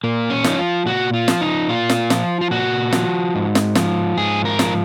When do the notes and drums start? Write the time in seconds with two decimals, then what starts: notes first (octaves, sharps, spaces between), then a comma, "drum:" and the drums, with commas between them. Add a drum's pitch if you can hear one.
0.04 A#2 A#3
0.30 C#4
0.44 F3 D#4, drum: snare
0.59 F4
0.86 A#2 F#4
1.14 F4
1.28 F3, drum: snare
1.41 D#4
1.69 A#2 F4
1.89 drum: snare
2.10 F3, drum: snare
2.41 F4
2.51 A#2 F#4
2.92 F3, drum: snare
3.35 G#2
3.55 drum: snare
3.75 F3, drum: snare
4.17 G#2 G#4
4.45 A#4
4.59 F3, drum: snare